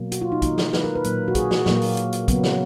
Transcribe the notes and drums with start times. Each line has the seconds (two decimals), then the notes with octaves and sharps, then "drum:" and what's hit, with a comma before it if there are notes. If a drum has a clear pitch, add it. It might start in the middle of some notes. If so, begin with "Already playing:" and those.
Already playing: B2 F#3 A#3
0.12 F#4, drum: hi-hat
0.22 F4
0.32 D#4
0.42 D#3 A#3 D#4, drum: kick, hi-hat
0.58 drum: snare
0.73 B4, drum: snare
0.84 A#4
0.95 B4
1.04 A#2 F#3 A#3, drum: hi-hat
1.28 F#4
1.35 G#4, drum: kick, hi-hat
1.51 F#4, drum: snare
1.66 A#2 F#3 A#3, drum: snare
1.82 drum: open hi-hat
1.97 drum: hi-hat
2.13 drum: hi-hat
2.28 C#3 F#3 A#3 B3, drum: kick, hi-hat
2.43 drum: snare